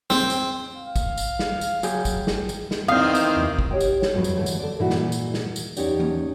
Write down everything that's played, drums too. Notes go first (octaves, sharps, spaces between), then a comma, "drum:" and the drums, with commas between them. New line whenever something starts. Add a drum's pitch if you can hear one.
C4, drum: snare
drum: tambourine
F5
drum: kick, tambourine
drum: tambourine
drum: snare
drum: tambourine
F#3 G#4 G5, drum: tambourine
drum: kick, tambourine
drum: snare
drum: tambourine
drum: snare
E2 D#3 E3 C4 F5 D#6 G6
drum: tambourine
drum: tom E2
drum: kick
G4 C#5 G5
drum: tambourine
drum: snare
F2 F#3 G#3 A3 B4
drum: tambourine
D3 E3 A3
drum: tambourine
A4 D5
A#2 E3 E4 F#4
drum: snare
drum: tambourine
drum: snare
drum: tambourine
E2 C#4 D#4 G4 D5, drum: tambourine
drum: tom E3